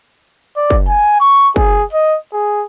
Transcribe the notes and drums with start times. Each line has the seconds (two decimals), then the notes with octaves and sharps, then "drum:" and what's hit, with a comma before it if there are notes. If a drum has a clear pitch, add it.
0.56 D5
0.70 drum: kick
0.88 G#5
1.20 C#6
1.56 G#4, drum: kick
1.93 D#5
2.33 G#4